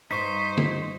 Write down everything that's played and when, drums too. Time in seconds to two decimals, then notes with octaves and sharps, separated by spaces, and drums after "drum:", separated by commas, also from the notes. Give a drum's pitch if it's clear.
0.11 G2 D#4 C5 C#6 B6
0.57 drum: tom